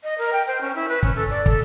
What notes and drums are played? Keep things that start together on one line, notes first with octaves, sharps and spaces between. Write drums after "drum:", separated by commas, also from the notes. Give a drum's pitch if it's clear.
D#5
A#4
G5
C5
C#4
E4
B4
C#4, drum: kick
A4
D5
A4, drum: kick